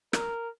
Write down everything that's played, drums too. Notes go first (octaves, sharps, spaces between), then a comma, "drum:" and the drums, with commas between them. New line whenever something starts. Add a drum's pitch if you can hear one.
A#4, drum: rim click